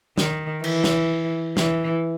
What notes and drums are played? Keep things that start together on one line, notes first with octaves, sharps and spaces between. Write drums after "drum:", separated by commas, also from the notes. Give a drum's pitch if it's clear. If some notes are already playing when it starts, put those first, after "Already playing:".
D#3, drum: snare
E3, drum: cymbal
drum: snare
E3, drum: snare